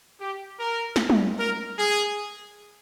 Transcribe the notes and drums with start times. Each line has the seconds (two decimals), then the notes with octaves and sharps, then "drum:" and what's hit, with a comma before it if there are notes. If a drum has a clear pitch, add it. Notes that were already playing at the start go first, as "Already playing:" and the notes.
0.21 G4
0.60 A#4
0.96 drum: snare
1.10 drum: tom
1.39 A#4
1.78 G#4